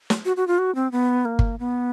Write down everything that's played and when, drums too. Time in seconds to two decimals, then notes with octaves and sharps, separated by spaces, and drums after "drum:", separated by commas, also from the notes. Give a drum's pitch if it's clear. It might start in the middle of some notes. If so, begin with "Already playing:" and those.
0.10 drum: snare
0.25 F#4
0.37 F#4
0.48 F4
0.59 F#4
0.75 C4
0.92 B3
1.25 A#3
1.39 drum: kick G1
1.59 B3